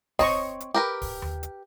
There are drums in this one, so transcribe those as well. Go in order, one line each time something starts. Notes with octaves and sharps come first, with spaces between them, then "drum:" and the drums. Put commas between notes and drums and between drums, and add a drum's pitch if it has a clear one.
C4 C#5 D#5 C#6, drum: kick, open hi-hat
drum: hi-hat
G4 A#4 B4
drum: kick, open hi-hat
drum: tom D#2
drum: hi-hat